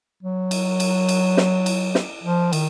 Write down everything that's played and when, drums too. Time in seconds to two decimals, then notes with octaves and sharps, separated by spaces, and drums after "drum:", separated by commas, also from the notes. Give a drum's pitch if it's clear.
0.23 F#3
0.51 drum: cymbal
0.80 drum: cymbal
1.09 drum: cymbal
1.37 drum: snare
1.66 drum: cymbal
1.95 drum: snare
2.23 F3
2.53 D#3, drum: cymbal